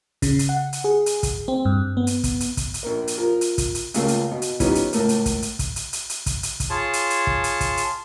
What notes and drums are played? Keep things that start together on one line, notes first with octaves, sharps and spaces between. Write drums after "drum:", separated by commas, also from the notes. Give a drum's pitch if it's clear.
C#3, drum: kick, hi-hat
drum: hi-hat
F#5
drum: hi-hat
G#4
drum: hi-hat
drum: kick, hi-hat
C4
G2
B3
drum: hi-hat
drum: kick, hi-hat
drum: hi-hat
drum: kick, hi-hat
drum: hi-hat
A#1 A#3
drum: hi-hat
F3 A#4
drum: hi-hat
drum: kick, hi-hat
drum: hi-hat
C#2 A#2 C#3 A3 A#3, drum: hi-hat
drum: hi-hat
B2
drum: hi-hat
E3 F3 G3 B3 C#4 D#4, drum: kick, hi-hat
drum: hi-hat
C#2 A2 A3 A#3, drum: hi-hat
drum: hi-hat
drum: kick, hi-hat
drum: hi-hat
drum: kick, hi-hat
drum: hi-hat
drum: hi-hat
drum: hi-hat
drum: kick, hi-hat
drum: hi-hat
drum: kick, hi-hat
F4 G#4 C#5 A5
drum: hi-hat
drum: hi-hat
drum: kick
drum: hi-hat
drum: kick, hi-hat
drum: hi-hat